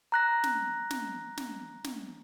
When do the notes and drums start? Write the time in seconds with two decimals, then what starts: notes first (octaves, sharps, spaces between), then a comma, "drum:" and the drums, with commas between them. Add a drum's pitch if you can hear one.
0.12 A#5 F#6 A#6
0.44 drum: snare
0.91 drum: snare
1.37 drum: snare
1.84 drum: snare